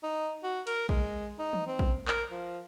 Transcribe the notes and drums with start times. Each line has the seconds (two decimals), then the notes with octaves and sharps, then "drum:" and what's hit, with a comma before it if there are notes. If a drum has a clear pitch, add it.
0.03 D#4
0.44 F#4
0.67 A#4, drum: cymbal
0.89 G#3, drum: kick
1.39 D#4
1.53 drum: tom E3
1.67 C4
1.79 drum: kick
2.08 A#4, drum: clap
2.31 F3